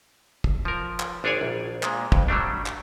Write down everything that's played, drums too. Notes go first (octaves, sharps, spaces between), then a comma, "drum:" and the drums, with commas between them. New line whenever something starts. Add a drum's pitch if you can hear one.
drum: kick
F3 A#4
drum: clap
G#1 D4 G#4 C#5 D5 G#5
A#1
A#2 G#3, drum: clap
F2, drum: kick
F#3 G3 A3 D4
drum: clap